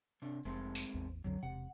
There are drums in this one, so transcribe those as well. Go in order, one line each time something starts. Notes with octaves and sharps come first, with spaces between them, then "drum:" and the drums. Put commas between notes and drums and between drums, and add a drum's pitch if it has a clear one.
C3 D4
F1 G#3 A3 C4
drum: tambourine
A1 E2
B1 F2 D3 F#3
E1 C3 F#5